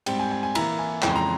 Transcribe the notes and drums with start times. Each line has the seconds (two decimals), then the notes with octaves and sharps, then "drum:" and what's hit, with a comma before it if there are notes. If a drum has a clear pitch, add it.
0.06 G#2 G3 C4 G5, drum: cymbal
0.19 G#5
0.31 G#5
0.43 G#5
0.55 E3 A#3 E4 A#5, drum: cymbal
0.79 G#5
1.02 F2 C#3 E3 G#3 G5, drum: clap
1.10 C6
1.16 A#5